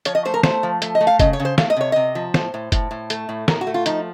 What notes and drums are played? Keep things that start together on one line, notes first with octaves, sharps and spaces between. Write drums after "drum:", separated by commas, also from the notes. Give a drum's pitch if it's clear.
F3 C#5, drum: hi-hat
D#5
A3 C5
A#4
A3 C5, drum: snare
F3
A3, drum: hi-hat
D#5
A3
F5
C#3 D#5, drum: kick F#1, hi-hat
C#5
C#3
C5
A3 F5, drum: snare
D#5
C3 C#5
C3 D#5
F3
A2 C5, drum: snare
A2
A2, drum: kick F#1, hi-hat
A2
A3, drum: hi-hat
A2
A2 A#4, drum: snare
F#4
A3
F4
F3 D#4, drum: hi-hat